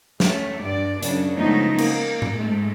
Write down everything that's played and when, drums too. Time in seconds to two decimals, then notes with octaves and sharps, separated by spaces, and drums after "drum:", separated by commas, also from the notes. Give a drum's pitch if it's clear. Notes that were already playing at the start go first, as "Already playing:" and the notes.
0.20 A3 C#4, drum: snare
0.61 G2 D5
1.03 F#2 C#3 D4, drum: hi-hat
1.37 C#3 F3 G#3 A3 B3 D#4
1.78 A#3, drum: cymbal
2.22 drum: tom A2
2.36 G#2 G#3 A3